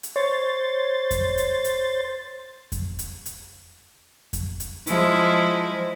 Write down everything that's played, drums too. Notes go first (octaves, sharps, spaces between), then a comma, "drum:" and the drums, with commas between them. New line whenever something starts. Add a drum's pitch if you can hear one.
drum: hi-hat
C5 C#5 A6
drum: kick F2, hi-hat
drum: hi-hat
drum: hi-hat
drum: kick F2, hi-hat
drum: hi-hat
drum: hi-hat
drum: kick F2, hi-hat
drum: hi-hat
F3 G#3 E4, drum: hi-hat